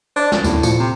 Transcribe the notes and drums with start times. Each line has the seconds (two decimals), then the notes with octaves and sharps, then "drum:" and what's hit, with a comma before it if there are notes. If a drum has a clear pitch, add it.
0.16 D4 C5 D5
0.32 F3 F#3 C#4, drum: snare
0.44 D#2 A2 C3, drum: tambourine
0.63 A#2 F3 C#7, drum: tambourine
0.79 C3